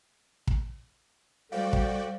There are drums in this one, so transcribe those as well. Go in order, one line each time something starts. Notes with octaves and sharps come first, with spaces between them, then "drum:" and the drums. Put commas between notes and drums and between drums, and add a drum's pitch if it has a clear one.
drum: kick
G3 F#4 A4 C5 D5 F5 G5
drum: kick